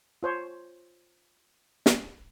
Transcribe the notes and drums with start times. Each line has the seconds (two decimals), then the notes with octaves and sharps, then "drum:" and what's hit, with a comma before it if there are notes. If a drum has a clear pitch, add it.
0.23 F4 C5 C#5
1.86 drum: snare